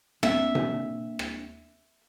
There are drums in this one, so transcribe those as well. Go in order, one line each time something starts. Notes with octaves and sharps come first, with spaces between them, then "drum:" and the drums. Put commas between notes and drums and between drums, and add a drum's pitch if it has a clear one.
A#3 C4 D4 E5, drum: rim click
drum: tom B2
drum: rim click